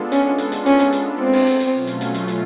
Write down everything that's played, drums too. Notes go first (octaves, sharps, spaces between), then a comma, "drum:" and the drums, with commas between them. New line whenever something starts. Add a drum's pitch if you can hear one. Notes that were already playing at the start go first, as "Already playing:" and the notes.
Already playing: G#3 B3 D4 F4 A4
C#4, drum: hi-hat
drum: hi-hat
drum: hi-hat
C#4, drum: hi-hat
drum: hi-hat
drum: hi-hat
C4
drum: open hi-hat
drum: hi-hat
drum: hi-hat
B2 F#3 A3 C#4 F4
drum: hi-hat
drum: hi-hat
drum: hi-hat
drum: hi-hat